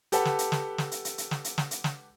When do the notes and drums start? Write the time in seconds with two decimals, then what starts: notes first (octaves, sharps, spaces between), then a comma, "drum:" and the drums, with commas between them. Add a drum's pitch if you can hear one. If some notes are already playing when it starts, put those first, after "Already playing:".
0.12 G4 A4 B4 F#5 A5, drum: hi-hat
0.25 drum: snare
0.39 drum: hi-hat
0.52 drum: snare
0.78 drum: snare
0.92 drum: hi-hat
1.05 drum: hi-hat
1.18 drum: hi-hat
1.31 drum: snare
1.44 drum: hi-hat
1.58 drum: snare
1.71 drum: hi-hat
1.84 drum: snare